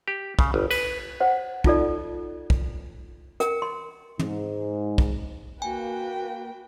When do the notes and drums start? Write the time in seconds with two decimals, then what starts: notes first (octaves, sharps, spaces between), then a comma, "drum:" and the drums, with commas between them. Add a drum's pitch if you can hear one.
0.08 G4
0.39 C#3, drum: kick
0.54 G1
0.71 B4, drum: cymbal
1.20 C5 F#5
1.64 D#4 F4 A4 D5, drum: kick
2.50 drum: kick
3.40 A#4 G5, drum: hi-hat
3.62 C6
4.19 G#2, drum: tom
4.98 drum: kick
5.62 A#3 F#4 B4 G5 G#5